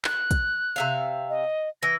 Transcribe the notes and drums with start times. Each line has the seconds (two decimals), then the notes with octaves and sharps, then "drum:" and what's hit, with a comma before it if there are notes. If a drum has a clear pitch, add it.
0.05 F#6, drum: clap
0.31 drum: kick, hi-hat
0.76 C3 E5 F5
1.29 D#5
1.83 E3 A#6